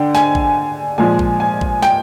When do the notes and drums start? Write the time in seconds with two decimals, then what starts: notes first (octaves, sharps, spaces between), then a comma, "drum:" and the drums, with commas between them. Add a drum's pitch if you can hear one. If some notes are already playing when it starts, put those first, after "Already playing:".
Already playing: D3 G5
0.15 G#5, drum: snare
0.35 drum: kick
0.98 A#2 F3 G#3 G#5
1.19 drum: kick
1.40 G#5
1.61 drum: kick
1.82 G5, drum: snare